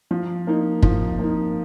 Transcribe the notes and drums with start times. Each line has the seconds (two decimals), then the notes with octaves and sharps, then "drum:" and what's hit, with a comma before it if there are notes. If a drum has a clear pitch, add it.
0.11 F3
0.47 A#3 D#4
0.83 F3, drum: kick
1.19 A#3 D#4